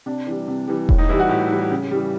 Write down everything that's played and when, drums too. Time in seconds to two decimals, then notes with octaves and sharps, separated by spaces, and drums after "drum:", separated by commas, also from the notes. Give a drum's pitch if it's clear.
0.06 C3 D4
0.27 E3 G3
0.48 C3
0.68 E3 G3
0.89 A2, drum: kick E1
0.98 D#4
1.09 E3 G3 E4
1.19 F#4
1.29 A2 G4
1.51 E3 G3
1.71 C#3
1.91 E3 G3